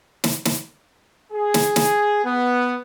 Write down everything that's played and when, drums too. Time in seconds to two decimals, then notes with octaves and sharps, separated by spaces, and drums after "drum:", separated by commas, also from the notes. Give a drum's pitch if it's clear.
0.24 drum: snare
0.45 drum: snare
1.32 G#4
1.54 drum: snare
1.76 drum: snare
2.25 B3